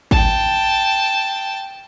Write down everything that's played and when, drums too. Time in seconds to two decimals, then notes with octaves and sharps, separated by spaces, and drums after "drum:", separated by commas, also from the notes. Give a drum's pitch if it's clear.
0.11 G5 A5, drum: kick G#1